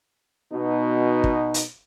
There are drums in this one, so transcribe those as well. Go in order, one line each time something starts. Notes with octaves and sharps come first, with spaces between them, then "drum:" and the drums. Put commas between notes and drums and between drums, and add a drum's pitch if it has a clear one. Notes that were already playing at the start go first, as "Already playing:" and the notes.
B2 D#4
drum: kick
drum: hi-hat